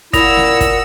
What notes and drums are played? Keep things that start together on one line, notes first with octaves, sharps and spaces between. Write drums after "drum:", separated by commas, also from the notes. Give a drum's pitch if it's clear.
A#2 E4 F#5 D#6 E6 A#6 F7, drum: kick, hi-hat
drum: snare
drum: kick, hi-hat